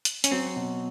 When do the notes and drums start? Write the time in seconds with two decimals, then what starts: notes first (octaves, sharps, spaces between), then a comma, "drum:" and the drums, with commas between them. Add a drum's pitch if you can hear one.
0.05 drum: hi-hat
0.24 C#4, drum: hi-hat
0.31 F#3 C4
0.56 B2